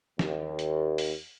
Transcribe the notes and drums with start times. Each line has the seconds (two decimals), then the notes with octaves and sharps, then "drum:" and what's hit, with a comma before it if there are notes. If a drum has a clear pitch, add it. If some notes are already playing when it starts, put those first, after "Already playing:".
0.19 D#2, drum: snare
0.59 drum: hi-hat
0.98 drum: open hi-hat